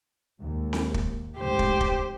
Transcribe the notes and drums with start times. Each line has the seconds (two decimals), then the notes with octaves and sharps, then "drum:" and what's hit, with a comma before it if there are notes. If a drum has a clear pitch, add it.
0.39 D#2 G#2
0.73 drum: snare C4
0.94 drum: kick
1.37 F1 D2 G#2 G4 C5
1.59 drum: kick
1.81 drum: kick